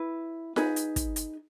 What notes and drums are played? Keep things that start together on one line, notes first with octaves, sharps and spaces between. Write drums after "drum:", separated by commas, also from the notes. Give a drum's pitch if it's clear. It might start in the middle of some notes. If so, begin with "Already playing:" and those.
Already playing: E4 B4
D#4 G#4 B4, drum: snare F4
drum: hi-hat
drum: kick, hi-hat
drum: hi-hat